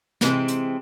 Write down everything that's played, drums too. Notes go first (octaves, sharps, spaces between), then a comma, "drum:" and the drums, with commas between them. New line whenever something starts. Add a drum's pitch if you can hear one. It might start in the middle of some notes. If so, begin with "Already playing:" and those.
C3 E3 G#3 C4, drum: snare
drum: hi-hat